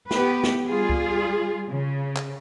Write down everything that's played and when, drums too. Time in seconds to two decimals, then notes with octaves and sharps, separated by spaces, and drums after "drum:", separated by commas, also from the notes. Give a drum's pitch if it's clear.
0.11 B3 G4 B4, drum: snare
0.43 drum: snare
0.66 G3 F4 G#4
0.90 drum: kick C#2
1.69 C#3
2.16 drum: clap